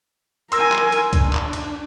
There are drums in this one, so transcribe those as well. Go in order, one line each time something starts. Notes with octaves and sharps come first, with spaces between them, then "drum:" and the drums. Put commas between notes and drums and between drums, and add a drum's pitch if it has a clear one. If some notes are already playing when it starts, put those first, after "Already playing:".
A#4 G#5 C6 E6 A#6, drum: cymbal
drum: clap
drum: cymbal
D4, drum: kick, cymbal
drum: clap
drum: cymbal